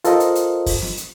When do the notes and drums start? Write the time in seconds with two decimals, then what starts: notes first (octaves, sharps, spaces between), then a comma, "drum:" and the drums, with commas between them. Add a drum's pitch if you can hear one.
0.04 F4 A4 A#4 C5 D#5 F5, drum: hi-hat
0.20 drum: hi-hat
0.35 drum: hi-hat
0.66 drum: kick, open hi-hat
0.82 drum: snare
0.97 drum: hi-hat